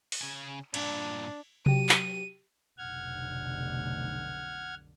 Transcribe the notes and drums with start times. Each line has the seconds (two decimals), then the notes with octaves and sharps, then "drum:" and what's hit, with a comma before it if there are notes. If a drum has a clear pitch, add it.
0.12 drum: open hi-hat
0.21 C#3 G#5
0.74 G2 A#2 D4, drum: cymbal
1.66 F#3 G4 D#7, drum: tom C3
1.89 drum: clap
2.78 F1 B1 D3 F#5 F6 G#6